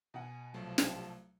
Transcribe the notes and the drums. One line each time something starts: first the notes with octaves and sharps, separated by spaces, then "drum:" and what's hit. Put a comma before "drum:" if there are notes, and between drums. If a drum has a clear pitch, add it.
B2 F#5 G#5
C2 F3 F#3 A3 A5
drum: snare